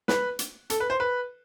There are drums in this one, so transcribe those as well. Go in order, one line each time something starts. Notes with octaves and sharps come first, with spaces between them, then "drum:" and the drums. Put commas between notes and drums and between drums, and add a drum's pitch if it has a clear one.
B4, drum: snare
drum: hi-hat
A4, drum: hi-hat
B4
C5
B4